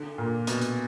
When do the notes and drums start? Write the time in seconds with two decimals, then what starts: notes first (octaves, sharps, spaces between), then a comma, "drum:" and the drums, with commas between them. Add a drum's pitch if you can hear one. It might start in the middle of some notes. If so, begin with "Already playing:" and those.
Already playing: D3
0.18 A#2
0.47 B2, drum: hi-hat
0.62 drum: hi-hat